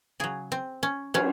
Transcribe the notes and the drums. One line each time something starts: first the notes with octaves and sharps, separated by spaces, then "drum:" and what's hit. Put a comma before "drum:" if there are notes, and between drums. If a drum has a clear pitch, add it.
C#3 F#3 G#4
C4
C#4
F#3 C#4, drum: cymbal